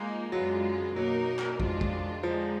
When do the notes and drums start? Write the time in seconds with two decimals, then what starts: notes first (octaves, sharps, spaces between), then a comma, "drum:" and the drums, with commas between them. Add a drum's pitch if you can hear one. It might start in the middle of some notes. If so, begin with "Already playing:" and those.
Already playing: F3 G#3 A#3 D#4
0.32 F#2 D3 F#3 G#3 B3 F4
0.95 B2 F#3 A#3 D#4 A#4
1.39 drum: clap
1.60 F2 D#3 G#3 D4 F4, drum: kick
1.81 drum: kick
2.23 D3 F3 G#3 D#4